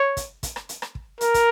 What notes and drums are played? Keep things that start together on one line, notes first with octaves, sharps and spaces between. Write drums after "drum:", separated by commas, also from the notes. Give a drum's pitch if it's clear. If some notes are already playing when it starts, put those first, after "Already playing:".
Already playing: C#5
drum: kick, hi-hat
drum: kick, hi-hat
drum: rim click
drum: hi-hat
drum: rim click
drum: kick
A#4, drum: hi-hat
drum: kick, hi-hat